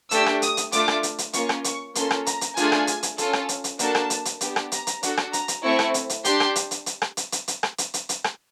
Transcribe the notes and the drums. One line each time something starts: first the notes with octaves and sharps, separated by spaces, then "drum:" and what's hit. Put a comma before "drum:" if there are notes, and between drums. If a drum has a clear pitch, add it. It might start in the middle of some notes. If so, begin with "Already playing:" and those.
A3 D4 G4 E6, drum: hi-hat
drum: rim click
D#6, drum: hi-hat
drum: hi-hat
A3 D4 F4 D6, drum: hi-hat
drum: rim click
drum: hi-hat
drum: hi-hat
A#3 C#4 F4 C#6, drum: hi-hat
drum: rim click
C#6, drum: hi-hat
A#3 C#4 F4 A4 C6, drum: hi-hat
drum: rim click
A#5, drum: hi-hat
drum: hi-hat
A3 D4 F4 G#4 G#5, drum: hi-hat
drum: rim click
drum: hi-hat
drum: hi-hat
C#4 F4 A4, drum: hi-hat
drum: rim click
drum: hi-hat
drum: hi-hat
A#3 D4 F#4 A4 A5, drum: hi-hat
drum: rim click
drum: hi-hat
drum: hi-hat
B3 D4 G4, drum: hi-hat
drum: rim click
A#5, drum: hi-hat
drum: hi-hat
D4 F#4 A4, drum: hi-hat
drum: rim click
A#5, drum: hi-hat
drum: hi-hat
A3 C4 E4 C#6
drum: rim click
drum: hi-hat
drum: hi-hat
D4 G4 C6, drum: hi-hat
drum: rim click
drum: hi-hat
drum: hi-hat
drum: hi-hat
drum: rim click
drum: hi-hat
drum: hi-hat
drum: hi-hat
drum: rim click
drum: hi-hat
drum: hi-hat
drum: hi-hat
drum: rim click